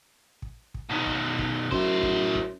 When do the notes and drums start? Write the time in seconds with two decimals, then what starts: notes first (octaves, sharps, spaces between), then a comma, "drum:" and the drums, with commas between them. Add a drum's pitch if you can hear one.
0.42 drum: kick
0.74 drum: kick
0.90 B2 D#3
1.07 drum: kick
1.39 drum: kick
1.72 F#2 A2 C5, drum: kick
2.03 drum: kick
2.35 drum: kick